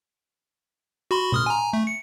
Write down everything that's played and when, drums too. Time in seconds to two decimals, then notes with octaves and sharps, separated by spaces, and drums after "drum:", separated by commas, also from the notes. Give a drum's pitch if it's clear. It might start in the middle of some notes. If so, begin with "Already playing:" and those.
1.11 F#4 B5 C6
1.32 C6 D#6 F6, drum: tom B2
1.46 G#5 A#5
1.73 A3
1.87 C#7